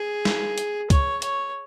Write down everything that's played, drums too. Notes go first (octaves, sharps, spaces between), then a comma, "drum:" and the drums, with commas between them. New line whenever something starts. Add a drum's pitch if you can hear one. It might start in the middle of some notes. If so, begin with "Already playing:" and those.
Already playing: G#4
drum: snare
drum: hi-hat
C#5, drum: kick C#2, hi-hat
C#5, drum: hi-hat